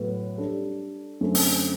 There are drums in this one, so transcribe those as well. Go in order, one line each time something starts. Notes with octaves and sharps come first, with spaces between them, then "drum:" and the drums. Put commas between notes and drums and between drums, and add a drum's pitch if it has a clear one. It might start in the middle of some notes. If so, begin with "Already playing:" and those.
Already playing: A2 F#3 B3 F#4 B4
G3 D4 A4
F#2 D3 A3 C4
drum: open hi-hat